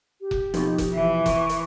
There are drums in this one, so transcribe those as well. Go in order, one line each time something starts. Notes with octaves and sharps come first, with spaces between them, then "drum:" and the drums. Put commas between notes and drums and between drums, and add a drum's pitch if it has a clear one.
G4
drum: kick F1
F2 B2 D#4, drum: hi-hat
drum: kick F1, hi-hat
E3 E5
C#6, drum: kick F1, hi-hat
drum: hi-hat